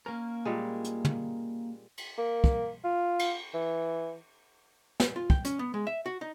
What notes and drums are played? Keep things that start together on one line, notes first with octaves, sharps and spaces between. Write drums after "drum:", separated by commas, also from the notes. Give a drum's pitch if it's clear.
A#3 C#4 A#4
A#2 G3 G#3
drum: hi-hat
drum: tom
drum: cymbal
A#3
drum: kick
F4
drum: cymbal
E3
drum: snare
F4
G5, drum: kick
C#4, drum: hi-hat
B3
G#3
E5
F#4
D#4